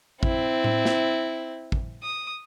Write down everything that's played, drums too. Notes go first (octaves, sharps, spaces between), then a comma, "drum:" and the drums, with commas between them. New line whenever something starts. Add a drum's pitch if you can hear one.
C4 E4, drum: kick
drum: tom A2
drum: snare
drum: kick
D#6